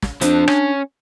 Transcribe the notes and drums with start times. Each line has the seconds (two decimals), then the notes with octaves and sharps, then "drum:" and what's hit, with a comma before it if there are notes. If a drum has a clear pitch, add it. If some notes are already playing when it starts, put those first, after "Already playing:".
0.02 drum: snare
0.21 F3 C4 D4, drum: hi-hat
0.48 C#4, drum: rim click